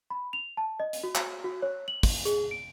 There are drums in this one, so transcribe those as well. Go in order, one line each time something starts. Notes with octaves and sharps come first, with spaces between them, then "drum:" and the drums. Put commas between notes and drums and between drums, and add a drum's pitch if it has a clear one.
B5
F7
A5
D#5
drum: hi-hat
F#4
drum: clap
F#4
C#5
F#7
drum: kick, open hi-hat
G#4, drum: hi-hat
D7